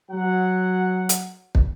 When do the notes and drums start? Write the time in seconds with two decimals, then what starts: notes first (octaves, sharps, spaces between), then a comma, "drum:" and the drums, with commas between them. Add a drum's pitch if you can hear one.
0.10 F#3 F#5
1.09 drum: hi-hat
1.55 drum: kick